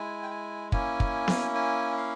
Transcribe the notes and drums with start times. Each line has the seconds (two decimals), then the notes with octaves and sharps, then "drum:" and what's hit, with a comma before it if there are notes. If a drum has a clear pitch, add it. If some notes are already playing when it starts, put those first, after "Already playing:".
Already playing: G#3 E4 G#5
0.23 G5
0.30 G#5
0.72 A#3 C#4 E4 G#5, drum: kick
1.00 drum: kick
1.28 drum: snare B3
1.55 G#5
1.97 F5